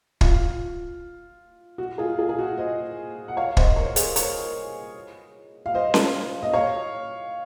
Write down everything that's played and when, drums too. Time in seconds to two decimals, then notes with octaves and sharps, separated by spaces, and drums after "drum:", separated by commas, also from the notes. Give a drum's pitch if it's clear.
0.21 F4, drum: kick
1.78 F#4
1.98 F4 G#4
2.18 F4 G#4
2.29 G#4
2.39 F#4
2.57 C5 D#5
3.28 F#5
3.37 C#5 F5
3.57 C5 D#5, drum: kick
3.76 A#4 C#5
3.96 G#4 C5, drum: hi-hat
4.16 A#4 C#5, drum: hi-hat
5.66 F5
5.74 C5 D#5
5.94 drum: snare C#4
6.43 D#5
6.53 C#5 F5